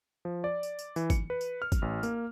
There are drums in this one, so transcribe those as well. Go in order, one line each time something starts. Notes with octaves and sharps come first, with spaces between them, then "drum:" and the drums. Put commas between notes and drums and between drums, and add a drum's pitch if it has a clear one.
F3
D5
drum: tambourine
drum: tambourine
E3, drum: tambourine
C#7, drum: kick, tambourine
B4
drum: tambourine
F6
drum: kick, tambourine
A1
A#3, drum: tambourine